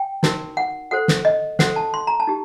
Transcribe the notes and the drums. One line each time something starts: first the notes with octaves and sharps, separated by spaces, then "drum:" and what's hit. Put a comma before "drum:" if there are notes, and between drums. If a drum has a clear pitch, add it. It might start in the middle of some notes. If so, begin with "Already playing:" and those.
Already playing: G5
D#4 F#4 A#4, drum: snare
F#5
F#4 A4 C5 F#5
drum: snare
D#5
F#4 A4 C5 F#5, drum: snare
A5
C6
A#5
A5
D#4 G4